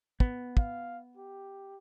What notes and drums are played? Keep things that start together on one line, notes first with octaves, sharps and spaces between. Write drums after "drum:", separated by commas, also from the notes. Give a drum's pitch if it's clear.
B3, drum: kick
F5, drum: kick
G4